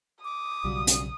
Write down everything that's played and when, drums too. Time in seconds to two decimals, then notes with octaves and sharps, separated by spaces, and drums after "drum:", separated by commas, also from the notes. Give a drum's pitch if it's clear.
0.24 D6 D#6
0.64 B1 C#3 F#3 G3 F4 F#4
0.87 drum: hi-hat